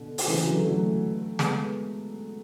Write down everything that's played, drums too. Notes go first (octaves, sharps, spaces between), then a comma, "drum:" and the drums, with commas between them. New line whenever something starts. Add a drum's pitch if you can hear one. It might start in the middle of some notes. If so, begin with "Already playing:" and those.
Already playing: B2 D3
drum: open hi-hat
C#3 E3
D3 F#3
F#3 A3
G#3 B3, drum: snare